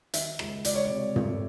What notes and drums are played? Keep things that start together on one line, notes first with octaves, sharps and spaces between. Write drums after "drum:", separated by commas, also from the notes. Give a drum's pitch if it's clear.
D#3 E5, drum: hi-hat
C#2, drum: rim click
C#2 D5, drum: hi-hat
C#5
C3 D5
A3, drum: tom